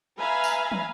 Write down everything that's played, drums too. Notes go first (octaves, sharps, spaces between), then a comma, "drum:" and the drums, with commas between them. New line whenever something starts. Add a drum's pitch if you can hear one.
B4 E5 F5 G#5 A#5 B5
drum: tambourine
drum: tom